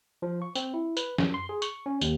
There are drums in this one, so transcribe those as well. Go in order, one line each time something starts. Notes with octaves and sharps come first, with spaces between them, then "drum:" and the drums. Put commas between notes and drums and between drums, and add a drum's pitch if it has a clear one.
F3
C#6
C4, drum: tambourine
E4
B4, drum: tambourine
F#2, drum: snare
C6
G#4
C#6, drum: tambourine
C#4
D#2, drum: tambourine